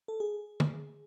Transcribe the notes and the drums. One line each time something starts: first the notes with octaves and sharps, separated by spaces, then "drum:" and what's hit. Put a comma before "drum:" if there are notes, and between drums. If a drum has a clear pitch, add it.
A4
G#4
drum: tom